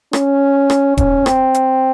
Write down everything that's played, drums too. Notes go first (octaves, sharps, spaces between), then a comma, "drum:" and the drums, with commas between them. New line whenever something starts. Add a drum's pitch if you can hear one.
C#4, drum: rim click
drum: rim click
C#4, drum: kick D#1, hi-hat
C4, drum: rim click
drum: hi-hat